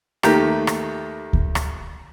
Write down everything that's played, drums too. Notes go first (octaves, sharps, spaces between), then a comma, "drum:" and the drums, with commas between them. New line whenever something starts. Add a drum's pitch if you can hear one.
D#2 D#3 A3 G4 A#5, drum: rim click
drum: rim click
drum: kick D2
drum: rim click